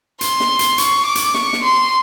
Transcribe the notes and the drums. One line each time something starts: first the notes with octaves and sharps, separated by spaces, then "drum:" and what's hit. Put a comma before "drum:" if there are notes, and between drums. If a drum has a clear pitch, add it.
C6, drum: hi-hat
drum: snare
drum: hi-hat
C#6, drum: hi-hat
D6
drum: hi-hat
C#6, drum: snare
drum: snare
C6